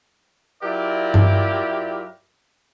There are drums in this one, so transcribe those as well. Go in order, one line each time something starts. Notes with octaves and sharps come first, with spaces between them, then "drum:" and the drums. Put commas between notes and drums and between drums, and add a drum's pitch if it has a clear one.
F#3 E4 F4 G4 A#4 D5
drum: tom G2